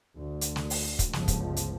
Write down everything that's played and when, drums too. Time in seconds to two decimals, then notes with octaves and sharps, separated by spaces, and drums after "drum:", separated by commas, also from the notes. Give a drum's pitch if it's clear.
0.17 D2
0.41 drum: hi-hat
0.56 drum: snare
0.70 drum: open hi-hat
0.99 drum: kick, hi-hat
1.13 G1 C#2 F3, drum: snare
1.28 drum: kick, hi-hat
1.56 drum: hi-hat